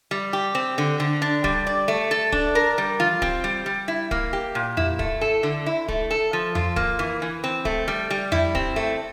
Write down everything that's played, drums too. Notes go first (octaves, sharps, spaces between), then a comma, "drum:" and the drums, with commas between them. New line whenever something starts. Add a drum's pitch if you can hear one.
G3
G4
C4
D3
D3
D4
G3, drum: kick
D5
A3
A4
D4, drum: kick
A#4
G3
F4, drum: tom E3
C4, drum: kick
G3
G3
E4
A#3, drum: kick
G4
A#2
E4, drum: tom F2
A3, drum: kick
A4
D3
E4
A3, drum: kick
A4
F3
F4, drum: tom F2
A#3, drum: kick
E3
E3
C4
A3, drum: kick
G3
G3
E4, drum: tom F2
C4, drum: kick
A3